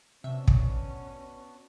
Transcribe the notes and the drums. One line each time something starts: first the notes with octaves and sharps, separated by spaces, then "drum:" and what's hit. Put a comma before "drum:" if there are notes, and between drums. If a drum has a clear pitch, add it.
C3 B3 C#4 D4 F#4 E5
drum: kick